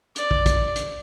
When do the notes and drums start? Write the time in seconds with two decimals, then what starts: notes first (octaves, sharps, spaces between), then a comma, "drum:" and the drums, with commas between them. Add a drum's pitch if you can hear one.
0.16 D5, drum: hi-hat
0.31 drum: kick
0.46 drum: kick, hi-hat
0.76 drum: hi-hat